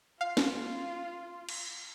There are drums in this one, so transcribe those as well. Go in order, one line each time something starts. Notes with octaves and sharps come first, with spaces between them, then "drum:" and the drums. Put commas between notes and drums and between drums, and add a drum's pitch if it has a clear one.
F4 F5
drum: snare
drum: cymbal